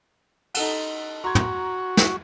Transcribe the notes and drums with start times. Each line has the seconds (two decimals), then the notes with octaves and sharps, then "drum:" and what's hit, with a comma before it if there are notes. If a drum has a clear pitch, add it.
0.54 D#4 A4 F#5, drum: cymbal
1.24 F#4 A#5 C6 G#6
1.35 drum: tom
1.97 drum: snare